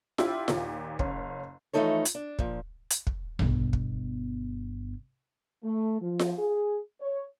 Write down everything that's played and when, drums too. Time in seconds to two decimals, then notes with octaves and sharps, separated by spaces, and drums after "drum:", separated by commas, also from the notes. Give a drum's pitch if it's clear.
0.18 D4 E4 F4 G4, drum: snare F4
0.48 D#2 A#2, drum: snare F4
0.99 F#1 C#4, drum: kick
1.73 E3 F3 A3 D#4 A4 C#5
2.05 drum: hi-hat
2.15 D4
2.39 A#2 F3, drum: kick
2.90 drum: hi-hat
3.07 drum: kick
3.39 G1 B2, drum: tom A#1
3.73 drum: kick
5.63 A3
6.01 F3
6.19 drum: snare F4
6.38 G#4
7.01 C#5